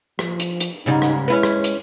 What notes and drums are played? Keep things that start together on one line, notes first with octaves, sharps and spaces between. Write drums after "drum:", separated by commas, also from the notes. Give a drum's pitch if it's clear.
F3, drum: rim click
drum: hi-hat
drum: hi-hat
G#2 C#3 G3 D#4
drum: rim click
G#3 C#4 E4 B4
drum: rim click
drum: hi-hat